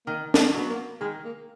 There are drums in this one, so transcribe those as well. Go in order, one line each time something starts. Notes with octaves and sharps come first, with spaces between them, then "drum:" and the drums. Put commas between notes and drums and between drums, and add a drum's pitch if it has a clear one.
D#3 A#3
B3, drum: snare
A#3
F#3 B3
A#3
D#3 G#3
A#3